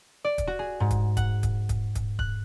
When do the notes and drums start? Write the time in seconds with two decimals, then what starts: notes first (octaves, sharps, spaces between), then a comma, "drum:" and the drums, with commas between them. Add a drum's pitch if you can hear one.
0.24 D5
0.38 drum: kick, hi-hat
0.47 F#4
0.59 G#4
0.80 G#2
0.90 drum: kick, hi-hat
1.17 F#5, drum: kick, hi-hat
1.43 drum: kick, hi-hat
1.69 drum: kick, hi-hat
1.95 drum: kick, hi-hat
2.19 F#6, drum: kick